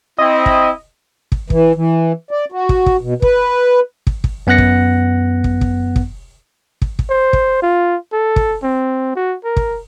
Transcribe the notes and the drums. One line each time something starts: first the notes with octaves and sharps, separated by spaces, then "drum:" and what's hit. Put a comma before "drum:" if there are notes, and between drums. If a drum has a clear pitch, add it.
C4 E4 D#5
drum: kick
drum: kick
E3, drum: kick
E3
D5
F#4
drum: kick
drum: kick
B2
B4, drum: kick
drum: kick
drum: kick
F#2 B3 F#5 F#6 A#6 C#7
drum: kick
drum: kick
drum: kick
drum: kick
drum: kick
drum: kick
C5
drum: kick
F4
A4
drum: kick
C4
F#4
A#4
drum: kick